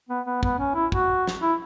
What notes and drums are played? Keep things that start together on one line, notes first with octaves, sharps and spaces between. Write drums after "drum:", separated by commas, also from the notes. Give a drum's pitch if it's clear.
B3
B3
B3, drum: kick
C#4
E4
F#4, drum: kick
drum: snare
E4